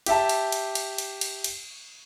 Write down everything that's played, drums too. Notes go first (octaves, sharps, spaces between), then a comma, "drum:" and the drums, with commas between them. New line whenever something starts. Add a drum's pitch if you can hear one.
G4 E5 A5, drum: cymbal
drum: cymbal
drum: cymbal
drum: cymbal
drum: cymbal
drum: cymbal
drum: cymbal